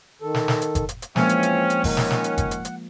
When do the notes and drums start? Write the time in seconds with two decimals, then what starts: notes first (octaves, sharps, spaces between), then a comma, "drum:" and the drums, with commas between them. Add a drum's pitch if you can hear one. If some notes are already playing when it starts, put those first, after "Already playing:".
0.22 D#3 A4
0.34 drum: snare
0.48 drum: snare
0.62 drum: hi-hat
0.75 drum: kick F#1, hi-hat
0.89 drum: hi-hat
1.02 drum: hi-hat
1.16 E3 F3 G#3 A#3 C4 C#4 E5, drum: snare
1.29 drum: hi-hat
1.43 drum: hi-hat
1.70 drum: hi-hat
1.84 D#3 C#4 F#5, drum: kick F#1, open hi-hat
1.97 drum: snare
2.11 drum: snare
2.24 drum: hi-hat
2.38 drum: kick F#1, hi-hat
2.51 drum: hi-hat
2.65 drum: hi-hat